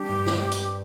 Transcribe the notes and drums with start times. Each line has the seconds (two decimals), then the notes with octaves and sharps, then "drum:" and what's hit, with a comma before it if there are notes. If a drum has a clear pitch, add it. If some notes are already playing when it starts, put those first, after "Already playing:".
Already playing: G3 D4 G4
0.09 G2
0.26 C4, drum: snare
0.52 drum: hi-hat